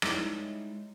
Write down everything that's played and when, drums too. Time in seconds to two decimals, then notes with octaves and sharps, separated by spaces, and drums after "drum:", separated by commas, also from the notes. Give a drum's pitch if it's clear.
0.02 G3 G#3 D#4 E4 C#5, drum: rim click